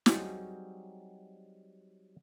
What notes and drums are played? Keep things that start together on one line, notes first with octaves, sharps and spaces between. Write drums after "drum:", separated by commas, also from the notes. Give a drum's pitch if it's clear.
F#3 G3 C4 D#4 F#4 G#4, drum: snare